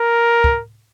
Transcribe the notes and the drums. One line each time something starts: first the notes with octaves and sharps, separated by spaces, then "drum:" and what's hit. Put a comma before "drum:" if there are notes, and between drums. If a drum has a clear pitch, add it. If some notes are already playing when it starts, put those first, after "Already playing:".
Already playing: A#4
drum: kick